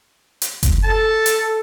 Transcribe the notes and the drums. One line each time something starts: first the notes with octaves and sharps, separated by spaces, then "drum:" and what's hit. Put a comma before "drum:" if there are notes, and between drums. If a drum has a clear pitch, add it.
drum: hi-hat
drum: kick F#1, hi-hat
A4 A5
drum: hi-hat